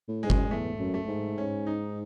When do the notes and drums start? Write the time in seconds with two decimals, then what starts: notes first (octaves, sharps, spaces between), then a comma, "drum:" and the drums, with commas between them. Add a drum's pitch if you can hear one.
0.08 A2
0.23 G#2 G#3
0.30 F#2, drum: kick G1
0.51 E2 A3
0.80 F#2
0.94 A3
1.08 G#2
1.38 C#4
1.67 D#4